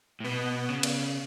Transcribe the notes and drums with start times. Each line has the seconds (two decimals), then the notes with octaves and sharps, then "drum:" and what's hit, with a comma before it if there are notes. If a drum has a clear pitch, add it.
0.20 A2
0.24 B2 B3
0.69 C#3
0.83 drum: cymbal